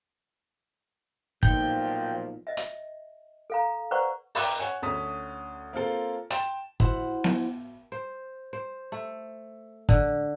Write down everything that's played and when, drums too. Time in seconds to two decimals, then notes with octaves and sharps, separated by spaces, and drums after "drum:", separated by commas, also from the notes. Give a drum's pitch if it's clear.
1.43 B1 A#2 F3 A#3 D#4 G5, drum: kick
2.47 D#5 E5
2.57 drum: hi-hat
3.50 A4 F5 A#5
3.91 B4 C5 D5 F#5 A#5 C#6
4.35 G5 A#5 D6 F#6 A6, drum: open hi-hat
4.59 C#5 F#5 G#5
4.82 D2 C#4 A5 D#6 B6
5.73 A#3 C4 F4 A4
6.30 G5 A5 C6 A6 E7, drum: hi-hat
6.80 E4 F#4 C5 F#5, drum: kick
7.24 drum: snare B3
7.92 C5
8.53 C5
8.92 A3
9.89 D3, drum: kick